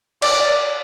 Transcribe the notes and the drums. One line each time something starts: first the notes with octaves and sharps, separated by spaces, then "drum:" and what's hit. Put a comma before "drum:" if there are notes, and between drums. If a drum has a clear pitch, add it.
D5, drum: cymbal